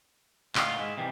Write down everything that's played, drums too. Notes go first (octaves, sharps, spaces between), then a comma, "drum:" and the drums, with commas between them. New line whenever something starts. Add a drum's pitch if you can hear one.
D2 A#2 D#3 F4 F#4, drum: clap
G#2 G#3 E4
C3 D#3 E3 G3 B3